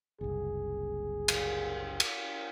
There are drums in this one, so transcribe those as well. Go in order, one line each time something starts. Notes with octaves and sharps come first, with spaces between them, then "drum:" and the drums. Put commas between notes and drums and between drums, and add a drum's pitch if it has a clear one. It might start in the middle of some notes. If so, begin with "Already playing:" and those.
F#1 C2 G#4
drum: cymbal
drum: cymbal